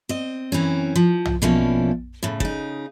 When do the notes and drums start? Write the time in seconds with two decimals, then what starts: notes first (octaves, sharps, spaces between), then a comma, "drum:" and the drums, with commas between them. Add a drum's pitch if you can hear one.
0.09 C4 D#5
0.52 F#2 E3 C4 C#4
0.96 F3
1.25 drum: tom
1.42 B2 E3 F3 A#3 C#4 D4
2.23 A2 C#3
2.40 C#3 D#4, drum: kick